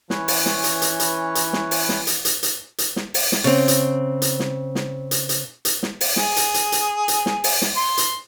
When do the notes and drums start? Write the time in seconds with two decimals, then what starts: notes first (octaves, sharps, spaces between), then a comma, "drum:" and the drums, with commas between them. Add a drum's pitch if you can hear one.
0.10 E3 C#4 B4 C#5, drum: snare
0.28 drum: open hi-hat
0.46 drum: snare
0.64 drum: hi-hat
0.82 drum: hi-hat
0.99 drum: hi-hat
1.35 drum: hi-hat
1.53 drum: snare
1.71 drum: open hi-hat
1.89 drum: snare
2.07 drum: hi-hat
2.25 drum: hi-hat
2.43 drum: hi-hat
2.78 drum: hi-hat
2.96 drum: snare
3.14 drum: open hi-hat
3.32 drum: snare
3.44 C#3 C4
3.68 drum: hi-hat
4.22 drum: hi-hat
4.40 drum: snare
4.75 drum: snare
5.11 drum: hi-hat
5.29 drum: hi-hat
5.65 drum: hi-hat
5.83 drum: snare
6.01 drum: open hi-hat
6.16 G#4, drum: snare
6.36 drum: hi-hat
6.54 drum: hi-hat
6.72 drum: hi-hat
7.08 drum: hi-hat
7.26 drum: snare
7.44 drum: open hi-hat
7.62 drum: snare
7.76 C6
7.97 drum: hi-hat